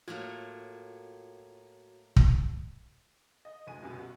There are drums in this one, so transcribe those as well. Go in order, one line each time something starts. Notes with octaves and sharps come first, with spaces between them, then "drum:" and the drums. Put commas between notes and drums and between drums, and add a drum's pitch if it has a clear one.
A2 F#3 A#3 F4 F#4 G#6
drum: kick
D#5
F#1 D2 G#5 D#7
C2 F#2 B2
F#4